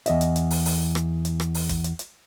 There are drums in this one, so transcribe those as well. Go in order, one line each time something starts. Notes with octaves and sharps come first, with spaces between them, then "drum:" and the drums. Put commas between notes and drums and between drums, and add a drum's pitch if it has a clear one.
E2 D#5 E5, drum: hi-hat
drum: hi-hat
drum: hi-hat
drum: open hi-hat
drum: open hi-hat
drum: rim click
drum: hi-hat
drum: rim click
drum: open hi-hat
drum: kick, hi-hat
drum: hi-hat
drum: hi-hat